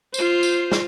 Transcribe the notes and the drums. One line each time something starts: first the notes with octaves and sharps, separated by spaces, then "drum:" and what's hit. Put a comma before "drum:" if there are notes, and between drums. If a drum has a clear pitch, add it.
F4 C5, drum: tambourine
drum: tambourine
drum: snare